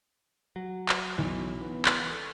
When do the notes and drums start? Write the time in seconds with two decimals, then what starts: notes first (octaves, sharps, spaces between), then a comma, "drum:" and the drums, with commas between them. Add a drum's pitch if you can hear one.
0.56 F#3
0.89 drum: clap
1.18 B1 E3
1.61 B3
1.85 drum: clap
2.07 A4 C#6